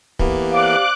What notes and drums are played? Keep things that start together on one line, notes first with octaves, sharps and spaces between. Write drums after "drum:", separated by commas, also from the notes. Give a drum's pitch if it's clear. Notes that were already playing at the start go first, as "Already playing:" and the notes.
E3 A#3 B3 G4, drum: kick
C4 D5 F5 D6 F#6